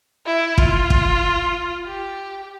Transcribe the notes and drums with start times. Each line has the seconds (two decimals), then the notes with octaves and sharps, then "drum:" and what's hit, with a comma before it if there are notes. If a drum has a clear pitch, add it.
0.26 E4
0.58 F4, drum: kick
0.90 drum: kick
1.86 G4